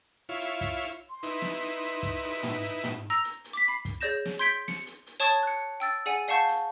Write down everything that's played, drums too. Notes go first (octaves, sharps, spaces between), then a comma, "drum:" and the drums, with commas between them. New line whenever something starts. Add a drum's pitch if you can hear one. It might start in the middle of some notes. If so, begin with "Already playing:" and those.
E4 F4 C#5
drum: hi-hat
drum: kick, hi-hat
drum: hi-hat
C6
D#4 E4 B4, drum: hi-hat
drum: snare
drum: hi-hat
drum: hi-hat
drum: kick, hi-hat
drum: open hi-hat
drum: tom
drum: hi-hat
drum: tom
A#5 E6 A#6 F7
drum: hi-hat
drum: hi-hat
D6 B6
B5 C7
drum: kick, hi-hat
G#4 C#5 D5 G6 A#6 E7
drum: snare
C6 G6 G#6 B6 D7 G7
C#7, drum: snare
drum: hi-hat
drum: hi-hat
C#5 A5 C#6 D#6 G#6 A6
F#6 C#7
G5 E6 A6
G#4 D5 F#5 G#5
D5 F5 F#5 A5 C#6 G6, drum: hi-hat
drum: hi-hat